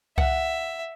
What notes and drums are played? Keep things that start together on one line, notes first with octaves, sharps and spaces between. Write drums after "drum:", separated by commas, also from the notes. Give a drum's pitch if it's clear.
E5 F#5, drum: kick C2